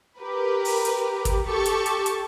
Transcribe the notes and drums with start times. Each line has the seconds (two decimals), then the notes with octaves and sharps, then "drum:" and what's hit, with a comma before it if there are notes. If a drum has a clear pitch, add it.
0.19 G4 A#4 B4
0.65 drum: open hi-hat
0.85 drum: hi-hat
1.25 drum: kick, hi-hat
1.45 G4 A4 C#6
1.66 drum: hi-hat
1.86 drum: hi-hat
2.06 drum: hi-hat